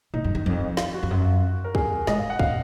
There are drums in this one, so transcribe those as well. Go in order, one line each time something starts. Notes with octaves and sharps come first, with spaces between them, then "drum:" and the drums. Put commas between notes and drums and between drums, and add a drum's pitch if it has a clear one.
A#2 D#4
F#2
D#3
F2
F4, drum: snare
F#4
F2
F#2
A#4
G#4, drum: kick
G#2 D#5, drum: snare
F5
F#5
A#2 F5, drum: kick